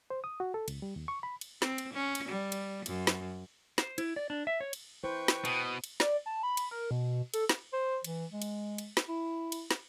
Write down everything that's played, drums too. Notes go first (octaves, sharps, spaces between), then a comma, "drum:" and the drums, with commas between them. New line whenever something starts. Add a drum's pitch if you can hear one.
C5
D#6
F#4
A4
C#2, drum: cymbal
G3
D#2
C#6
B5
drum: cymbal
C4, drum: snare
drum: cymbal
C#4
drum: cymbal
G3
drum: cymbal
F#2, drum: cymbal
drum: snare
C5, drum: snare
E4, drum: cymbal
D5
D4
E5
C#5
drum: cymbal
E4 B4 C5 G5 C#6
drum: snare
B2 D#6, drum: cymbal
drum: cymbal
D5, drum: snare
A5
B5
drum: cymbal
A#4
B2
A4, drum: cymbal
drum: snare
C5
E3, drum: cymbal
G#3
drum: cymbal
drum: cymbal
drum: snare
E4
drum: cymbal
drum: snare